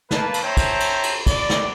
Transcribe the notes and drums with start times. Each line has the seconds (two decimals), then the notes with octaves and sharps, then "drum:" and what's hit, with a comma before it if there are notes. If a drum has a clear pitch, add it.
0.11 A#3 B4 A5, drum: snare
0.34 drum: cymbal
0.43 C5 C#5 E5 G5 A5 A#5
0.57 drum: kick, cymbal
0.80 drum: cymbal
1.03 drum: cymbal
1.27 D5, drum: kick, cymbal
1.50 drum: snare